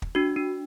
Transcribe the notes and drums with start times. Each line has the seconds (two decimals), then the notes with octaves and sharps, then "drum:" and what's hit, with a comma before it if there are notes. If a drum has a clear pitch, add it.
0.02 drum: kick
0.15 D4 F#4
0.36 D4